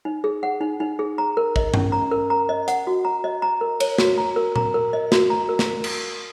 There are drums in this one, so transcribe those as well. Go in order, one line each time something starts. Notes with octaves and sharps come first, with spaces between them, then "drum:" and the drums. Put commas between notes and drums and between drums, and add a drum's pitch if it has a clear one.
D#4
G#4
F#5
D#4
D#4
G#4
A#5
A#4
D#5, drum: kick
C#4, drum: tom G2
A#5
A#4
A#5
D#5
F#5, drum: hi-hat
F#4
A#5
D#5
A#5
A#4
C#5, drum: cymbal
F#4, drum: snare
A#5
A#4
A#5, drum: tom A#2
A#4
D#5
F#4, drum: snare
A#5
A#4
drum: snare
drum: cymbal